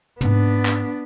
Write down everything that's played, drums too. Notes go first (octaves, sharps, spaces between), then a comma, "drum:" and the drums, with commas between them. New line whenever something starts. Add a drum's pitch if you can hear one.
G#2 B3 C4 D4, drum: tom
drum: clap